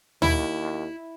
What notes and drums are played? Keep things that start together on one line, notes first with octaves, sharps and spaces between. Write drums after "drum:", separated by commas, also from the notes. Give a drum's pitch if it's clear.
D#2 E4, drum: tom